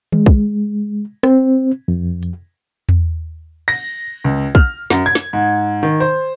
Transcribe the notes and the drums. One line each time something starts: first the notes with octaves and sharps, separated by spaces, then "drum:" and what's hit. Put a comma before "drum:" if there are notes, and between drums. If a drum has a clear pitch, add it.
G#3, drum: tom D#3
drum: kick
C4, drum: rim click
F2
drum: hi-hat
drum: tom E2
A#6, drum: cymbal
C#2
F6, drum: kick
F#2, drum: snare
G#6
drum: snare
G#2
D#3
C5